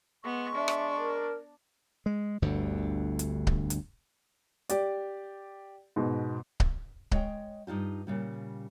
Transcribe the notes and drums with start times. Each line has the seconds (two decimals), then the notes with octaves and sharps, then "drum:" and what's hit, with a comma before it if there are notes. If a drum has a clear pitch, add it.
0.24 G#3 B3 C6 C#6
0.55 D4 E5
0.68 drum: rim click
0.98 A#4
2.06 G#3
2.42 G1 D2 G2 D3
3.19 drum: hi-hat
3.47 drum: kick C#1
3.70 drum: hi-hat
4.69 G4 D5, drum: hi-hat
5.96 G#2 B2
6.60 drum: kick C#1
7.11 G#3 C#5 D#5 G5, drum: kick C#1
7.67 G2 D#4 F4 G4
8.07 A#2 C#3 G3